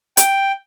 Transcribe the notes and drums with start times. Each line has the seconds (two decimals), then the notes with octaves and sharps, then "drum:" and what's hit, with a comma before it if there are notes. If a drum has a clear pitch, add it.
0.17 G5, drum: hi-hat